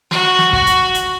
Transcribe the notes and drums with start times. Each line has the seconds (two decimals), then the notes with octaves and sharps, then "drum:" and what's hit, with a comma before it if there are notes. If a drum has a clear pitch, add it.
0.11 F#4, drum: snare
0.39 drum: snare
0.53 F#4, drum: kick
0.67 drum: hi-hat
0.94 drum: hi-hat